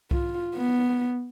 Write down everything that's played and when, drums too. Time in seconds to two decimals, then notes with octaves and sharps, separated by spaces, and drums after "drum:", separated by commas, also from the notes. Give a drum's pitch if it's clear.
0.11 F4, drum: kick C2
0.56 B3